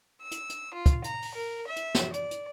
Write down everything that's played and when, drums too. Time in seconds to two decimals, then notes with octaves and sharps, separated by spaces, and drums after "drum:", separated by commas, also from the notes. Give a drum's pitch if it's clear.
0.21 E6
0.31 drum: hi-hat
0.49 drum: hi-hat
0.74 F4
0.86 drum: kick, hi-hat
1.04 A#5, drum: hi-hat
1.22 drum: open hi-hat
1.34 A#4
1.67 E5
1.76 drum: hi-hat
1.95 drum: snare
2.13 D5, drum: hi-hat
2.31 drum: hi-hat